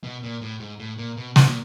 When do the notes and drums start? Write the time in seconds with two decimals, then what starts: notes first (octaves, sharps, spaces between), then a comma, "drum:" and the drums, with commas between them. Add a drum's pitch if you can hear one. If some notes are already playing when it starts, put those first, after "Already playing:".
0.04 B2
0.23 A#2
0.42 A2
0.60 G#2
0.80 A2
0.98 A#2
1.17 B2
1.36 B2, drum: snare
1.47 A#2